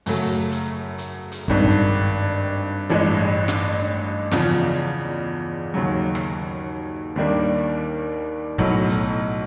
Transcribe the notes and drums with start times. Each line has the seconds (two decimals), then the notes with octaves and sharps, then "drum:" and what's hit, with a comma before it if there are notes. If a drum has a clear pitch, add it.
0.06 F#2 C#3 F#3 A3, drum: open hi-hat
0.52 drum: hi-hat
0.98 drum: hi-hat
1.32 drum: hi-hat
1.48 G#1 G2 D#3, drum: kick
1.65 drum: kick
2.90 A1 G2 E3 G#3
3.48 drum: snare
4.31 E2 C#3 F3, drum: snare
5.74 D#2 C#3 F#3
6.15 drum: rim click
7.16 D#2 D#3 G3 A#3 D4
8.58 B1 A2 F#3, drum: kick
8.89 drum: hi-hat